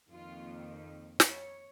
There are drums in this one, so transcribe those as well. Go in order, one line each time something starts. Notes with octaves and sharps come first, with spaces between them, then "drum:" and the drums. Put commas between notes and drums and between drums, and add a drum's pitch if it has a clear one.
F2 D#3 A#3 F4
C#5, drum: snare